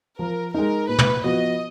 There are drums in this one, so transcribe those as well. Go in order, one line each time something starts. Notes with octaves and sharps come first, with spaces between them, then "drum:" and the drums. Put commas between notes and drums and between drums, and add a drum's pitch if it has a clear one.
F3 A#4
G#3 D#4 A#4
A#2 B4
drum: tom
F3 B3 F#4 D#5